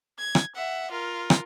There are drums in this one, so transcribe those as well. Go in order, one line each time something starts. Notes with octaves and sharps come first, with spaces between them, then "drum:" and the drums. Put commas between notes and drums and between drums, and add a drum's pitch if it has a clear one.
G#6
drum: rim click
E5 F#5
F4 A#4
drum: rim click